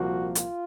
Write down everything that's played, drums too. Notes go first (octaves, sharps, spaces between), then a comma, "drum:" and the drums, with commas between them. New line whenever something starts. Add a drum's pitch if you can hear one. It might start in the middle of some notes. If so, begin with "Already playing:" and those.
Already playing: C2 A#2 F3 A#3 F#4
F4, drum: hi-hat